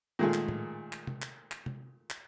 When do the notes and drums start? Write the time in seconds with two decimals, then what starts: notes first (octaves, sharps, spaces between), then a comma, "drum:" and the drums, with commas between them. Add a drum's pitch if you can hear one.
0.19 A#2 D#3 G#3 A3 F4 G#4
0.34 drum: clap
0.49 drum: tom A2
0.93 drum: clap
1.07 drum: tom C3
1.22 drum: clap
1.52 drum: clap
1.66 drum: tom C3
2.10 drum: clap